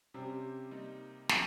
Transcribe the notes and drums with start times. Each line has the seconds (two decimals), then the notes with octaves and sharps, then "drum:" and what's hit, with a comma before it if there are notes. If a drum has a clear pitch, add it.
0.14 C3 G3 C#4 G4 C5
0.71 G3 A#3 D#4
1.29 D#3 A#3, drum: snare